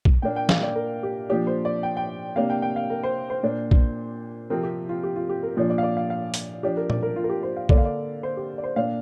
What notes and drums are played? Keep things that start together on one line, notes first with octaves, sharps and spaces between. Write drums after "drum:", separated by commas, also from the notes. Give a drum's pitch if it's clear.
drum: kick
A#2 A#3 D4 G5
G5
F5, drum: snare
D5
A#4
G4
A#2 F3 D4 G4
C5
D5
G5
G5
C3 A#3 D4 F5
G5
G5
F5
A#4
C5
C5
A#2 A#3 D4
drum: kick
C3 F3 C4 A#4
G4
F4
G4
F4
G4
A#4
A#2 F3 D4
D5
F5
D5
F5
F5
drum: hi-hat
F3 D4 G4
A#4
D5, drum: tom A#2
A#4
F4
A#4
G4
C5
F5
D3 A#3 D4 D5, drum: kick
F5
D5
C5
G4
D5
C5
A#2 A#3 D4 F5